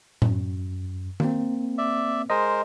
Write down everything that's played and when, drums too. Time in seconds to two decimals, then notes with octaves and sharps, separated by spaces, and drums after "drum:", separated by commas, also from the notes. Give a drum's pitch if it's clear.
0.22 F#2, drum: tom A2
1.20 A#3 C4, drum: tom D#3
1.78 D5 E5
2.30 G#3 A#4 C5 D#5